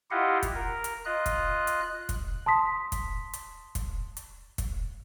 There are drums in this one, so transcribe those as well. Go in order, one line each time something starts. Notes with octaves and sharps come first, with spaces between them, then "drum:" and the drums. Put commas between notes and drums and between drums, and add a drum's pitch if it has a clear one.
E4 F4 G4 D#5 F5 F#5
drum: kick, hi-hat
A#4
drum: hi-hat
F4 D#5 F#6
drum: kick, hi-hat
drum: hi-hat
F#6
drum: kick, hi-hat
A5 C6 D#6 B6
drum: kick, hi-hat
drum: hi-hat
drum: kick, hi-hat
drum: hi-hat
drum: kick, hi-hat